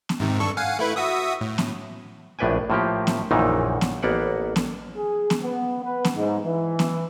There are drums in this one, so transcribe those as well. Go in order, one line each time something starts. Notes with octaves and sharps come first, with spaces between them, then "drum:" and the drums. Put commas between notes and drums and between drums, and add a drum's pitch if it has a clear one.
drum: snare B3
G#2 C3 D#3
G2 A4 C#6
F5 F#5 G#5
A3 E4 B4
F#4 E5 D#6
A2
drum: snare B3
A#1 A2 D4 B4 G5 G#5
A2 F3 A#3 G4
drum: snare B3
A#1 F#2 A#2 D#3 E3 D#4
drum: snare B3
A1 A#3 B3 D5 F#5
drum: snare B3
G#4
drum: snare B3
B3
B4
drum: snare B3
G#2
E3
drum: snare B3